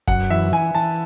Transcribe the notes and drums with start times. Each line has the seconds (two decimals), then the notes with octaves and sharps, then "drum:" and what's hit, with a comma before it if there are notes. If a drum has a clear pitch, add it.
0.07 F#2 F#5, drum: kick
0.30 E3 E5
0.52 E3 G#5
0.75 E3 A5